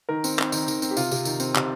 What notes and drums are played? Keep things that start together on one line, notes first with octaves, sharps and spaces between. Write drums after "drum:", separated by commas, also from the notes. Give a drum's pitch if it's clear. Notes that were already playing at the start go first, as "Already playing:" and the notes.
D#3 A#4
C4, drum: tambourine
C4, drum: clap
D#3, drum: tambourine
D#3, drum: tambourine
C4, drum: tambourine
G4
C3 F4, drum: tambourine
C3, drum: tambourine
D#3, drum: tambourine
C4, drum: tambourine
C3, drum: clap